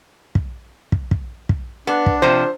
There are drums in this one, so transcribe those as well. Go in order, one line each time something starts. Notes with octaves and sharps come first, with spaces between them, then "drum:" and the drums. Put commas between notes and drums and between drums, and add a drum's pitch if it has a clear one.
drum: kick
drum: kick
drum: kick
drum: kick
B3 D4
drum: kick
C3 F3 C5